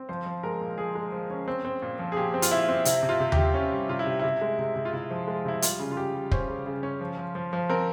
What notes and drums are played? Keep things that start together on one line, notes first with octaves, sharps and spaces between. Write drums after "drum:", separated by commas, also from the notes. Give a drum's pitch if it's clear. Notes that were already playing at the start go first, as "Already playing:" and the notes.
Already playing: C4
F3 C5
F3
G#3 A#4
A#2
F3 G#4
G#3
F3
C#4
C4
C4
A#2
F3
G#4
A#2 G4
C4
F4, drum: hi-hat
A#2 E4
C4
C3 E4, drum: hi-hat
C3
F4
C3
G4, drum: tom D#2
C3
C#4
G3
C3 F4
E4
C3
C3 E4
G#3
C3
C3
F4
C3 E4
F3
G#3
C3 E4
G3 F4, drum: hi-hat
C#3
F4
G3 G4
G3
C#4 C5, drum: kick
C#3
C#3
C#4
F3
F3
F3
F3
C4 A#4